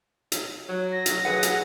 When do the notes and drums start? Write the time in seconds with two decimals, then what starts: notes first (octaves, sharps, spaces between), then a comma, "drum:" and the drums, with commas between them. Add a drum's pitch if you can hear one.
0.32 drum: hi-hat
0.69 F#3
0.92 A#6
1.06 drum: hi-hat
1.25 F#3 G#4 B4 F#5
1.43 drum: hi-hat